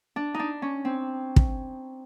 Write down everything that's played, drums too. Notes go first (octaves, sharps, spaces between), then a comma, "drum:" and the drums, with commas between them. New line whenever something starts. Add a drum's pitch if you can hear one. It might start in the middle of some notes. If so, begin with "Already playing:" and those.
D4
D4 D#4
C#4
C4
drum: kick